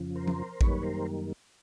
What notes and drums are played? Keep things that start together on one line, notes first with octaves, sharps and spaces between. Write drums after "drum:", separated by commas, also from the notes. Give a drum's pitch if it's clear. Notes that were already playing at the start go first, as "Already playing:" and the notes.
Already playing: F2 C#3 F3
A#4 C5
drum: tom F3
F#2 D#3 G3 A#3 B4 C#5, drum: kick A1
A#4 C5